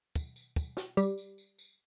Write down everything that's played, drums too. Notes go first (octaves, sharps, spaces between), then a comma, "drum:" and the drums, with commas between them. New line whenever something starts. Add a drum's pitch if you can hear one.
drum: kick, tambourine
drum: tambourine
drum: kick, tambourine
drum: snare
G3, drum: tambourine
drum: tambourine
drum: tambourine
drum: tambourine